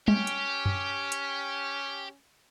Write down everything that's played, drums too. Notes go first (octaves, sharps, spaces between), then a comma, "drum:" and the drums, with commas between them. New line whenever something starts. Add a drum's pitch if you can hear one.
C#4 G4, drum: tom
drum: hi-hat
drum: tom F#2
drum: hi-hat